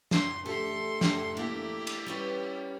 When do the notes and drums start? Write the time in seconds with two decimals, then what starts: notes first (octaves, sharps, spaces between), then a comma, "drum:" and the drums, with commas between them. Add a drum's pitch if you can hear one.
0.11 C6, drum: snare
0.46 A3 G4 A4 D5 C6
1.01 drum: snare
1.37 A#3 D4 E4 G4
1.87 drum: cymbal
2.06 G3 C#4 B4